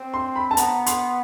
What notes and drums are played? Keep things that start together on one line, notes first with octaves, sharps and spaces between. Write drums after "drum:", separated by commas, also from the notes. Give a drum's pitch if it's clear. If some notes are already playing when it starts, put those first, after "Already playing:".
Already playing: C4
C6
B5
A5
B3 A#5, drum: hi-hat
C6, drum: hi-hat